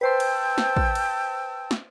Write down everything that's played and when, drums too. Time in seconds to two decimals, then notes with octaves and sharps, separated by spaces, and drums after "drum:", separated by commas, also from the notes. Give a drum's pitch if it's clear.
0.01 B4 C5 G5 A5 C6 E6
0.20 drum: cymbal
0.58 drum: snare
0.77 drum: kick
0.95 drum: cymbal
1.71 drum: snare